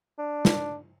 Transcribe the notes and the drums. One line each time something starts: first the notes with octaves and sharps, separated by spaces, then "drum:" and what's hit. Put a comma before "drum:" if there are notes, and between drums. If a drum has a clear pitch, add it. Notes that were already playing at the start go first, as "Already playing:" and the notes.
D4
drum: snare